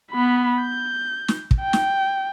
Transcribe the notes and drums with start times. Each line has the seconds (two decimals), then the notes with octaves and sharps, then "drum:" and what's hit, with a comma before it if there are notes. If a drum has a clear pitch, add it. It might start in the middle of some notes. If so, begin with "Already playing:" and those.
0.11 B3 B5
0.61 G6
1.28 drum: snare
1.51 drum: kick
1.60 G5
1.73 drum: snare